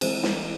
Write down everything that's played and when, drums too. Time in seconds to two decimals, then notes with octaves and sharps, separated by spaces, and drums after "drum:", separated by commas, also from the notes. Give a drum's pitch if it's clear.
0.01 E3 G#3 C4 G#4 C5, drum: cymbal
0.23 drum: snare